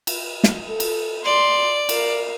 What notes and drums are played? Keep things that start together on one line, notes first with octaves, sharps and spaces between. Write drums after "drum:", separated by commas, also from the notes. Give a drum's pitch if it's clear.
drum: cymbal
drum: snare
A4
drum: cymbal
D5 C6
A#4 F5, drum: cymbal